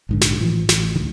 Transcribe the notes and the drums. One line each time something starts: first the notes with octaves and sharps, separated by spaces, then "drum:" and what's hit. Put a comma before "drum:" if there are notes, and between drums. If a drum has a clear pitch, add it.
A#1 G#2 D3
drum: snare
A2 E3 F3
A1, drum: snare
D2 D#3